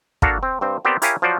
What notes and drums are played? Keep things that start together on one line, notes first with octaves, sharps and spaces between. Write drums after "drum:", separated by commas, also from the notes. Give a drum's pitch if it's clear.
A#3 D4 F#4 A4 F5 A#5, drum: kick
C4
G2 C4 C5
B3 C4 G4 A#4 C5 D5
E4 G4 A#4 C#5 F5 G#5, drum: hi-hat
F3 F#3 F4 F#4 C5 D5